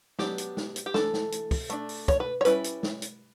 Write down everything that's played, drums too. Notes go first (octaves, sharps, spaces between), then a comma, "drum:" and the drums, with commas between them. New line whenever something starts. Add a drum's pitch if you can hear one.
F#3 B3 D4 G4, drum: snare
drum: hi-hat
drum: snare
drum: hi-hat
G4
E3 A3 D4 A4, drum: snare
drum: snare
drum: hi-hat
drum: kick, open hi-hat
A3 D4, drum: hi-hat
drum: open hi-hat
C#5, drum: kick, hi-hat
B4
C#5
G3 C#4 E4 B4, drum: hi-hat
drum: hi-hat
drum: snare
drum: hi-hat